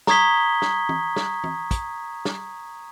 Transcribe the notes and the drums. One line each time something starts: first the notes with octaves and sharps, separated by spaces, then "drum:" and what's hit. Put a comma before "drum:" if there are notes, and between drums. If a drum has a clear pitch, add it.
A#5 C#6 D#6 G#6 B6 G7, drum: snare
drum: snare
drum: tom
drum: snare
drum: tom
drum: kick, hi-hat
drum: snare